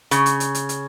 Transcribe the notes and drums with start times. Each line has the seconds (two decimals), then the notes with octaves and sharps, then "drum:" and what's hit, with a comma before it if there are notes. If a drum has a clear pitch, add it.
0.11 C#3, drum: hi-hat
0.26 drum: hi-hat
0.40 drum: hi-hat
0.55 drum: hi-hat
0.69 drum: hi-hat